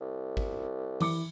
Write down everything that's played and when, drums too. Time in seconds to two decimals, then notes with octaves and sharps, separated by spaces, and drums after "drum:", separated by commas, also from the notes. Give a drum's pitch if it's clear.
0.01 C2
0.37 drum: kick G#1
1.00 E3 D6 C#7, drum: cymbal